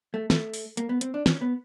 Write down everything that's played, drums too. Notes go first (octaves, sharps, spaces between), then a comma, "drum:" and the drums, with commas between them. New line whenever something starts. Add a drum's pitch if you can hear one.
A3
A3, drum: snare
drum: open hi-hat
A#3, drum: hi-hat
B3
C4, drum: hi-hat
D4
C#4, drum: snare
B3